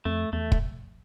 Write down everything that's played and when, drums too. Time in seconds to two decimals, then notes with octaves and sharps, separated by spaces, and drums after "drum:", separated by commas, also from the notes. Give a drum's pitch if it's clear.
0.05 F2 A3
0.33 E2 A3
0.52 drum: kick